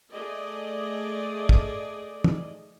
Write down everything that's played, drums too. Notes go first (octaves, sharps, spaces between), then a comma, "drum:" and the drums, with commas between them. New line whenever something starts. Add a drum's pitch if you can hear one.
A3 G#4 D5 D#5
drum: kick
drum: tom